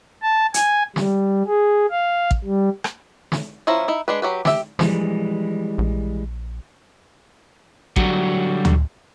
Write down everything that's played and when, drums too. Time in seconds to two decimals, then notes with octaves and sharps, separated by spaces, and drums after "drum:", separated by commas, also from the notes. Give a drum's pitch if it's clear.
0.22 A5
0.54 G#5, drum: hi-hat
0.96 G3, drum: snare
1.47 G#4
1.91 F5
2.31 drum: kick
2.45 G3
2.84 drum: rim click
3.32 drum: snare
3.67 F3 C#4 E4 A#5
3.88 D#4 E4
4.08 G#3 D4 B4
4.22 F#3 G4 B4
4.45 G4 E5, drum: snare
4.79 E3 F3 G3 G#3, drum: snare
5.78 A#1
7.96 D3 F#3 G3 F#4, drum: kick
8.65 drum: tom D2